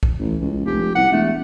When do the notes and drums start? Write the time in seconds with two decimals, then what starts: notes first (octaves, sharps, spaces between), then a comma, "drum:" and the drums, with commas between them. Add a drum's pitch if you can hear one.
0.03 drum: kick B1
0.19 A1
0.41 C#2
0.66 F1 G4
0.95 C2 F#5
1.12 E1 A3